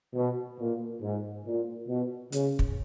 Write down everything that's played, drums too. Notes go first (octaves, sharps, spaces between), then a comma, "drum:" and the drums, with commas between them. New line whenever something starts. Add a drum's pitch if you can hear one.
B2
A#2
G#2
A#2
B2
C#3, drum: hi-hat
drum: kick